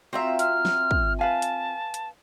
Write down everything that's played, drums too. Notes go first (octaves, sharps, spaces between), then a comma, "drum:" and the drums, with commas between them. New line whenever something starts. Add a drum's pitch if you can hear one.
C4 F4 F#4 E5 A#5
F6, drum: hi-hat
drum: snare
drum: kick
B4 F5 G#5 A5
drum: hi-hat
drum: hi-hat